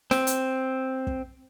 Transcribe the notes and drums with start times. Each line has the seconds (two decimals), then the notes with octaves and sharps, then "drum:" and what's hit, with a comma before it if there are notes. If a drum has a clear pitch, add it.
0.11 C4, drum: snare
0.27 drum: hi-hat
1.07 drum: kick